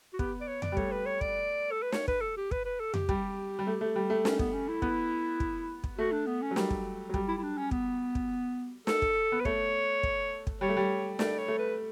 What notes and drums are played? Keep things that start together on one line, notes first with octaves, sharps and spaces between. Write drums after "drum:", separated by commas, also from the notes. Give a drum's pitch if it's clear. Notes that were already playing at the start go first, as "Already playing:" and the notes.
F#4
B3 G4, drum: kick
D5
C#5
D5, drum: tom F2
G3
A3 C#5, drum: kick
B4
C#5
D5, drum: kick
A4
B4
C#5, drum: snare
B4, drum: kick
A4
G4
B4, drum: kick
B4
A4
G4, drum: tom F2
G3, drum: kick
G3
A3
A3
G3
A3
C#4, drum: snare
B3, drum: kick
C#4
E4
B3, drum: kick
drum: kick
drum: kick
A3 F#4
D4
B3
C#4
F#3
G3, drum: snare
drum: kick
F#3
G3, drum: kick
E4
E4
D4
C#4
B3, drum: kick
drum: kick
A4, drum: snare
drum: kick
B3
B4
A3 C#5, drum: kick
drum: kick
drum: kick
G3 C#5
A3
G3
A3 D5, drum: snare
C#5
A3
B4